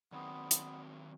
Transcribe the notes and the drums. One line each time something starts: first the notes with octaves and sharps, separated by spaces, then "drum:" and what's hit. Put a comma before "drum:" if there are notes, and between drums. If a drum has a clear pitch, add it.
D#3 F#3 B3 C4 D5 C6 D#6
drum: hi-hat